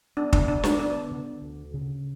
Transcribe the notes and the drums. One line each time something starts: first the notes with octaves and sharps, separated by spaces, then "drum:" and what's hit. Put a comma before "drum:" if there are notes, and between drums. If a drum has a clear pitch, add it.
B3 D4
D4, drum: kick
D3 D4
D4, drum: snare
B3 D4
D3
D2
C#3